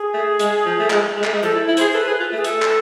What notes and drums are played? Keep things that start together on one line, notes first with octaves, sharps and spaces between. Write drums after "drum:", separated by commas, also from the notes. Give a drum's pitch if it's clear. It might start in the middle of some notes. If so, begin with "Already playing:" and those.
Already playing: G#4
A3
G#3, drum: hi-hat
F3
A3
G#3, drum: clap
G#3
A3, drum: clap
G#3
F3 A4
E4
E4
G#4 C5, drum: hi-hat
A4 B4
G#4
F4
A3
G#4
A3 A4, drum: hi-hat
drum: clap